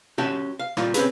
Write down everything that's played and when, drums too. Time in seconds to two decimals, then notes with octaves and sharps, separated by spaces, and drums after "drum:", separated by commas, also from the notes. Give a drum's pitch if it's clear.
0.18 C#4 F#4 G4 E5 G5 A5
0.59 F5
0.77 C2 A#2 G3 F4, drum: rim click
0.94 C4 C#4 G4 G#4 B4, drum: hi-hat